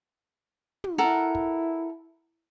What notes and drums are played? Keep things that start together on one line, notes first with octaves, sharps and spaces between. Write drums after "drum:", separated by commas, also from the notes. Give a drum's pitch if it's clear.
drum: tom
E4 A4 A#4 F#5
drum: kick